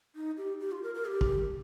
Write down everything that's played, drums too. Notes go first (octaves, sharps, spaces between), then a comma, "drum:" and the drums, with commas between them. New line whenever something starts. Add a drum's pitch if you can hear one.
D#4
G4
G4
F4
A#4
A#4
G4
drum: kick